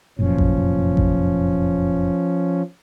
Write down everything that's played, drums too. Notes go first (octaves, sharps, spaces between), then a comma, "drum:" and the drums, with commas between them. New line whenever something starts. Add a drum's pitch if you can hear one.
F1 F#2 A#2 F3 C#4
drum: kick A1
drum: kick A1